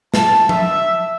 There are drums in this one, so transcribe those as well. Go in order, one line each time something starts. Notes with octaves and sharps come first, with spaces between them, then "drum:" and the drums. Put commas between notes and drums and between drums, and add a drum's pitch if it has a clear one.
A5, drum: snare
E5, drum: tom F3